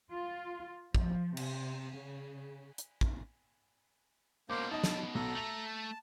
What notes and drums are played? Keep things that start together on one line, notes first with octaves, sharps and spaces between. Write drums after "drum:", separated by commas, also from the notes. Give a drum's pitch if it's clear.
F4
F3, drum: kick
C3, drum: cymbal
C#3
drum: hi-hat
drum: kick
C#2 B2 A#3 C5 D6
D#4 D#5 A5
drum: snare
B1 A4 A#5
A3 F7 F#7
A5